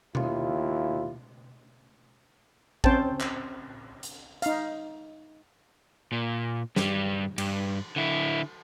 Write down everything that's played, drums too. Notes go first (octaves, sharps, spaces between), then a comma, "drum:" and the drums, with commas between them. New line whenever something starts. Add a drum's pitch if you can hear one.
D#2 E4 F4, drum: tom B2
C4 C#4 C5 G5 A5, drum: kick
drum: clap
drum: hi-hat
D#4 F5, drum: hi-hat
A#2
G2 G3, drum: snare
G2, drum: cymbal
D3 E4